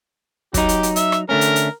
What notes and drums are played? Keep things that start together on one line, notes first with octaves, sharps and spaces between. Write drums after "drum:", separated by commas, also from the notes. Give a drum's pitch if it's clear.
F#3 D#4 G4, drum: kick, hi-hat
drum: hi-hat
drum: hi-hat
E5, drum: hi-hat
drum: rim click
D3 A3 C#4 A#4
drum: hi-hat
drum: hi-hat